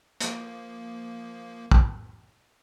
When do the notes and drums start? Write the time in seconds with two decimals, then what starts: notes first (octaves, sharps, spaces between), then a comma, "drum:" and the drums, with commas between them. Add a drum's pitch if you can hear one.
0.20 F3 A#3, drum: hi-hat
1.71 drum: kick